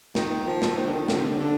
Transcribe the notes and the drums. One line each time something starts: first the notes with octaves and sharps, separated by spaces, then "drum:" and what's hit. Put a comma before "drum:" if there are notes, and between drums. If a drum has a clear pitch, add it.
D#3, drum: snare
F3
drum: snare
D#3
D3
D#3
D3, drum: snare
C3
D3
D3